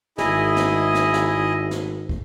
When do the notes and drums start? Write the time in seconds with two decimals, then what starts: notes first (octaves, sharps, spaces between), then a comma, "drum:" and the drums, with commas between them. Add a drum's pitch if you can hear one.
0.18 G#1 E4 G#4 D#5, drum: snare
0.56 drum: snare
0.95 drum: snare
1.14 drum: snare
1.71 drum: snare
2.09 drum: kick